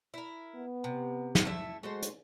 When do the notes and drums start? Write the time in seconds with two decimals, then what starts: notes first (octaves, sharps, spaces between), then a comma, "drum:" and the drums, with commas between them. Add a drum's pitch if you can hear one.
0.14 E4 A#4
0.55 B3
0.84 C3
1.35 drum: snare
1.45 A3 E4 E5
1.83 G#3 A3 F#4 C5
2.02 drum: hi-hat